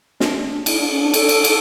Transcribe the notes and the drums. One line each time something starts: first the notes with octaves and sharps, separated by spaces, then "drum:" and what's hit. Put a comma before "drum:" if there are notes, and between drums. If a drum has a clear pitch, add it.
D4, drum: snare
C#4
D4
E4, drum: cymbal
D4
C#4
D4
A4, drum: cymbal
drum: cymbal
drum: cymbal